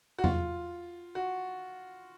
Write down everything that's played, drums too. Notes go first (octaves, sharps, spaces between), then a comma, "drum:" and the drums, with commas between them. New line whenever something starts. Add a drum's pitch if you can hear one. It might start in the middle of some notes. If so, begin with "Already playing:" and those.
F#4
F4, drum: tom E2
F#4